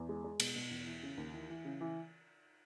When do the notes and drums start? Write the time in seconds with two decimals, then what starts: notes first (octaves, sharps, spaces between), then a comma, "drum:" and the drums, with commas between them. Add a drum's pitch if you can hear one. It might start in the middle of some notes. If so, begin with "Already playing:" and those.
Already playing: E2
0.09 G#3
0.24 G#3
0.40 B2, drum: cymbal
0.56 B2
0.71 E2
0.86 E3
1.03 C#3
1.18 D#2
1.34 E3
1.50 E3
1.65 C#3
1.81 E3